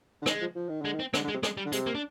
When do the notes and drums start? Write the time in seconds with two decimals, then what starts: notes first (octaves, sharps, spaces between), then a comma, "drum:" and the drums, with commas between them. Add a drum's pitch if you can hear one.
0.22 D3
0.26 D#3 G#3, drum: rim click
0.41 F3
0.55 F3
0.69 D#3
0.81 D3 G#3
0.94 D#3
1.00 C4
1.14 D3 G#3, drum: rim click
1.24 D3
1.28 G#3
1.34 C3
1.43 G#3, drum: rim click
1.57 G3
1.65 D3
1.72 C3 G#3, drum: hi-hat
1.87 A#3
1.95 D4